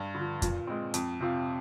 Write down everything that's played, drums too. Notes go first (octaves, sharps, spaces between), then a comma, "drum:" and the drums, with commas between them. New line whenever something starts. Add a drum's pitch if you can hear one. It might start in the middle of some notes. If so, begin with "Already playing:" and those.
Already playing: G2
D3
F3
A#2, drum: kick F2, hi-hat
G#3 C4
F2, drum: hi-hat
C3 F3 C4 F4